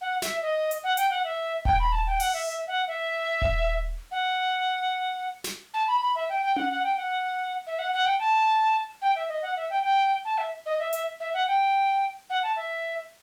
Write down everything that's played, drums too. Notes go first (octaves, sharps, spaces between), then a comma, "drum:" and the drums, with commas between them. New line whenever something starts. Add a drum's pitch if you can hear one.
F#5
E5, drum: snare
D#5
drum: hi-hat
F#5
G5, drum: hi-hat
F#5
E5
G5, drum: kick D#1
B5
A5
G5
F#5, drum: open hi-hat
E5
E5
F#5
E5
drum: kick D#1
F#5
drum: snare
A5
B5
B5
E5
G5
G5
F#5, drum: tom C#4
F#5
G5
F#5
E5
F#5
F#5
G5
A5
G5
E5
D#5
F#5
E5
G5
G5
A5
E5
D#5
E5
E5, drum: hi-hat
E5
F#5
G5
F#5
A5
E5